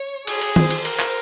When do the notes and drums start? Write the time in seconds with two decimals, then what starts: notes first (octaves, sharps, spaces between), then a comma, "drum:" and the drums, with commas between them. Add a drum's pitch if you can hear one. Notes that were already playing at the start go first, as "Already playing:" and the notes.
Already playing: C#5
0.27 G#4, drum: cymbal
0.41 drum: cymbal
0.56 C5, drum: tom D#3
0.70 drum: cymbal
0.85 A#4, drum: cymbal
0.99 drum: clap